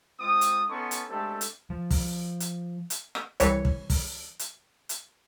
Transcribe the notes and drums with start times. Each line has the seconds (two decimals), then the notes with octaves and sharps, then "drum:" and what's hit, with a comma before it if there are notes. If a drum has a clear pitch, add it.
0.20 G#3 C4 F4 D#6
0.41 drum: hi-hat
0.69 B3 C#4 D#4 A4 C6 C#6
0.91 drum: hi-hat
1.09 G#3 A3 C4 D4 G4 A4
1.41 drum: hi-hat
1.70 F3
1.91 drum: kick, open hi-hat
2.40 drum: hi-hat
2.90 drum: hi-hat
3.15 drum: rim click
3.40 C2 E3 C#5, drum: hi-hat
3.65 drum: kick
3.90 drum: kick, open hi-hat
4.39 drum: hi-hat
4.89 drum: hi-hat